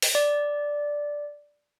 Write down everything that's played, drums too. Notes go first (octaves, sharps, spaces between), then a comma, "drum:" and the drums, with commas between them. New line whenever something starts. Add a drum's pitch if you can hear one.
drum: open hi-hat
D5